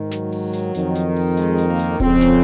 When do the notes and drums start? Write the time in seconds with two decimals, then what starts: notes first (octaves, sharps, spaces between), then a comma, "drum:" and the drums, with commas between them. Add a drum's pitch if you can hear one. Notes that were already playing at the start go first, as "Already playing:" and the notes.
Already playing: G#2 D#3
0.11 F#3, drum: snare
0.32 drum: open hi-hat
0.53 drum: hi-hat
0.74 F2 D#3, drum: hi-hat
0.95 drum: hi-hat
1.16 drum: open hi-hat
1.37 G#3, drum: hi-hat
1.58 drum: hi-hat
1.69 A#3
1.79 drum: hi-hat
2.00 F2 C#3 C4, drum: kick D1, open hi-hat
2.21 drum: snare